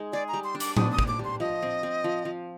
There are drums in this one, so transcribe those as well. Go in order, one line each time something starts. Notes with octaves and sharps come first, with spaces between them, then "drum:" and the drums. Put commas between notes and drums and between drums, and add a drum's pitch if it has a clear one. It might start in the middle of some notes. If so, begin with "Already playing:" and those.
Already playing: G#3 D#4
G#4 D5
A#5
G3
C6
D4
D6, drum: hi-hat
D4 D#6, drum: tom A2
D#6
D4, drum: kick
D6
G3
C6
F3 D#5
C4
C4
F3
F3